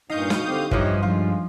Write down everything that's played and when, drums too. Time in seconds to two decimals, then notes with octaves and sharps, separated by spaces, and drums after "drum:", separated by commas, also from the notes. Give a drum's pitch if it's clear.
0.10 G2 A#2 D#4 F5 C#6 D#6 G6
0.30 B2, drum: snare
0.47 D3 C4 G4
0.71 G2 E3 F3 D#4 G4 C#5 D#5, drum: kick
1.03 F3 G#3 F4